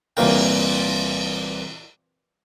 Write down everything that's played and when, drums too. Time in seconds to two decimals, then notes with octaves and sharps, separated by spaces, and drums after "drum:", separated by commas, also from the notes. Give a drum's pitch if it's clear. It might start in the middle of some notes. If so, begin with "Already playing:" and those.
0.17 C2 A#2 E3 A#3 A#4 G5, drum: cymbal